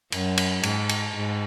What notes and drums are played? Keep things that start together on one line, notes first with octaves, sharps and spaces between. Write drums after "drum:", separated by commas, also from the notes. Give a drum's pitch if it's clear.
F#2, drum: cymbal
drum: cymbal
G#2, drum: cymbal
drum: cymbal
G#2